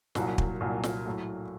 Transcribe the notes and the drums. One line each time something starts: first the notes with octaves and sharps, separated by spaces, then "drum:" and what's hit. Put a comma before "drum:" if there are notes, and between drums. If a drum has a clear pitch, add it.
C2 A#2 F#3, drum: snare
drum: kick
C2 A#2 F#3
drum: snare
A2 F#3 A3